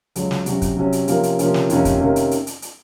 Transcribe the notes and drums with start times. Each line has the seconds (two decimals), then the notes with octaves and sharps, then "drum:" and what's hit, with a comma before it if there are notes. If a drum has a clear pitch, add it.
0.16 C#2 C#3 F#3, drum: hi-hat
0.31 drum: snare
0.46 C3 F#3 C#4 F#4, drum: hi-hat
0.62 drum: kick, hi-hat
0.77 C3 F#3 C#4 F#4
0.92 drum: hi-hat
1.08 C3 F3 A#3 C#4, drum: hi-hat
1.23 drum: hi-hat
1.39 C3 F3 A#3 C#4, drum: hi-hat
1.54 drum: snare
1.70 F2 C3 D#3 A#3 C#4, drum: hi-hat
1.85 drum: kick, hi-hat
2.00 C3 D#3 A#3 C#4
2.16 drum: hi-hat
2.31 drum: hi-hat
2.47 drum: hi-hat
2.62 drum: hi-hat